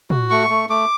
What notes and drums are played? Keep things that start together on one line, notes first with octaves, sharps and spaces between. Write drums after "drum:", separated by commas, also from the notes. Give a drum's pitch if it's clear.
F#4, drum: tom
A3 C#6
A3
A3 D6